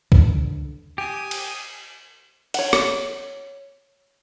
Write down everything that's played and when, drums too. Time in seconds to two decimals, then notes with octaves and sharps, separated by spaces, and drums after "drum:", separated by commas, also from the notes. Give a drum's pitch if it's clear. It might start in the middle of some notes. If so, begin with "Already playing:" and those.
0.12 D3, drum: kick C2
0.98 G4 G#5 D#6
1.31 drum: cymbal
2.54 C#5 F#5, drum: cymbal
2.73 drum: rim click